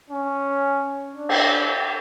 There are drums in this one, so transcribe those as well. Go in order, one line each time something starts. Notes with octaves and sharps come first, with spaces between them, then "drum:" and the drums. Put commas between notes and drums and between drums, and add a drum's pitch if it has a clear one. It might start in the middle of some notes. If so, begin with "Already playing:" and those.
C#4
D4
drum: cymbal